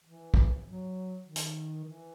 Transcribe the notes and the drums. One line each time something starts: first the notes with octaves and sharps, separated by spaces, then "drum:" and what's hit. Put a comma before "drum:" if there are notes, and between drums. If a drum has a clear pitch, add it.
E3
drum: kick
F#3
D#3
drum: hi-hat
E3